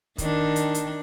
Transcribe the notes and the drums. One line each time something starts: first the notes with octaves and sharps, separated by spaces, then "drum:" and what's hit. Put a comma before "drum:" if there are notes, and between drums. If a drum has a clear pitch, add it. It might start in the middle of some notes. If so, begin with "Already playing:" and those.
D#3 D4, drum: kick, hi-hat
drum: hi-hat
drum: hi-hat